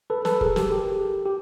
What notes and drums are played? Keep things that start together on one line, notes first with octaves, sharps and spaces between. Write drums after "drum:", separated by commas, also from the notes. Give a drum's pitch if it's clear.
A4 B4
A4 B4, drum: snare
G#4 A#4, drum: kick F1
G4 A4, drum: snare
G4
G4